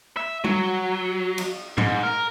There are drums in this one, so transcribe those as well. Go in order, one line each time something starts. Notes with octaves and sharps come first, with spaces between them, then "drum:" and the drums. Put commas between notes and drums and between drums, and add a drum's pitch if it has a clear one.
E5
F#3, drum: tom G3
drum: cymbal
G#2, drum: tom G#2
A#4